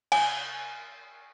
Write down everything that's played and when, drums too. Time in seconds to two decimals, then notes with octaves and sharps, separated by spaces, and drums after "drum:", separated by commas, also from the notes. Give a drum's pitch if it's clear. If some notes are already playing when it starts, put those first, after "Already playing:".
0.12 G#5, drum: cymbal